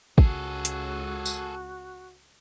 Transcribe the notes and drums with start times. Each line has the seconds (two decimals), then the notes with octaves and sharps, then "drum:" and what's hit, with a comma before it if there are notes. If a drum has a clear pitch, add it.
0.18 C#2 F#4 G#4 A4, drum: kick
0.65 drum: hi-hat
1.26 drum: tambourine